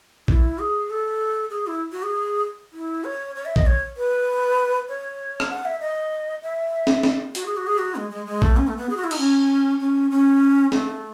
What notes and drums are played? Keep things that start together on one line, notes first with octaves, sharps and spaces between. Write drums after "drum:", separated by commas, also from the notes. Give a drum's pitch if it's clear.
E4, drum: kick A#1
G#4
A4
G#4
E4
F#4
G#4
E4
C#5
C#5
E5
D#5, drum: kick A#1
C#5
B4
C#5
drum: rim click
F#5
E5
D#5
E5
drum: snare
drum: snare
F#4, drum: hi-hat
G#4
F#4
G#4
F#4
G#3
G#3
G#3
A3, drum: kick A#1
C#4
A3
B3
G#4
F#4
E4
D#4, drum: cymbal
C#4
C#4
C#4
A3, drum: snare